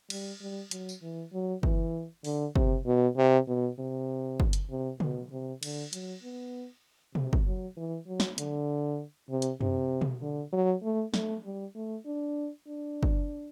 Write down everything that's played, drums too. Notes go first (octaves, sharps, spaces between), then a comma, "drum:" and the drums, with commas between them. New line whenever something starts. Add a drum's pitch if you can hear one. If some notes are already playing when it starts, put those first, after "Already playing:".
G3, drum: cymbal
G3
F#3, drum: hi-hat
drum: tambourine
E3
F#3
E3, drum: kick
D3, drum: open hi-hat
C3, drum: kick
B2
C3
B2
C3
drum: kick
drum: hi-hat
C3
B2, drum: tom C#3
C3
D3, drum: cymbal
F#3, drum: hi-hat
B3
C3, drum: tom B2
drum: kick
F#3
E3
F#3
drum: snare
D3, drum: hi-hat
C3
drum: hi-hat
C3, drum: tom F#2
drum: tom B2
D3
F#3
A3
A3, drum: snare
G3
A3
D4
D4
drum: kick